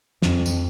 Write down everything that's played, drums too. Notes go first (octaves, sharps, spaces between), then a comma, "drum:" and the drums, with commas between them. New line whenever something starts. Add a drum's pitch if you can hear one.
F2, drum: snare
drum: tambourine